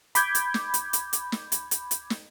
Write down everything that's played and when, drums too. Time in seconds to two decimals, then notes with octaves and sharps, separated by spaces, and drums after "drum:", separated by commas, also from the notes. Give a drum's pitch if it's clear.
0.15 B5 D6 G6 G#6, drum: hi-hat
0.35 drum: hi-hat
0.54 drum: snare
0.74 drum: hi-hat
0.93 drum: hi-hat
1.13 drum: hi-hat
1.32 drum: snare
1.52 drum: hi-hat
1.71 drum: hi-hat
1.91 drum: hi-hat
2.10 drum: snare